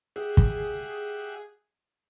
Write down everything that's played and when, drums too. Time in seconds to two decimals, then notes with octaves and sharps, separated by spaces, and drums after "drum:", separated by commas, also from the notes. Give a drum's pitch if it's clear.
0.16 G4 G#4 E5 F#5
0.37 drum: kick